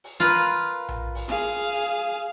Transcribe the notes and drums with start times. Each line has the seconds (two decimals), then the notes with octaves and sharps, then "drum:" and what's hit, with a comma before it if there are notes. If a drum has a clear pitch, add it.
0.04 drum: open hi-hat
0.20 F4 A#4 B4
0.89 drum: tom A#1
1.15 drum: open hi-hat
1.29 G#4 F5, drum: snare E4
1.75 drum: hi-hat